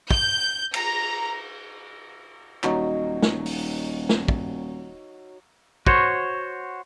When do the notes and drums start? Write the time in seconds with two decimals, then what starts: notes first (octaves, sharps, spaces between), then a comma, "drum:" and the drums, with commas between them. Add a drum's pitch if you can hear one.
0.11 G6, drum: kick
0.74 A#5, drum: cymbal
2.63 D#1 F#3 D#4 C#5, drum: clap
3.22 drum: snare
3.46 drum: open hi-hat
4.09 drum: snare
4.28 drum: kick
5.87 F#4 C5 C#5, drum: kick